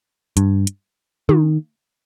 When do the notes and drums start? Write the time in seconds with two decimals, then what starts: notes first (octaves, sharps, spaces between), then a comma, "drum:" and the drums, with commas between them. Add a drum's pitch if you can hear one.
0.37 G2, drum: hi-hat
0.67 drum: hi-hat
1.29 D#3, drum: tom